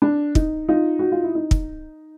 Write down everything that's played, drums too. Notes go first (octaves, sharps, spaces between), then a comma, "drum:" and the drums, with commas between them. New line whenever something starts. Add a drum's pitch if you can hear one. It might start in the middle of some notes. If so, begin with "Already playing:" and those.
D4
D#4, drum: kick
D#4 F4
F#4
F4
E4
D#4
drum: kick